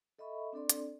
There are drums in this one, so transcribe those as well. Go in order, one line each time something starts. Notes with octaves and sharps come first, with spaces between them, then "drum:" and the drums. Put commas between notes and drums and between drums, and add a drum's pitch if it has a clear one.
A4 D#5 E5 B5 C#6
C4 D4 A4 D5 C6
drum: hi-hat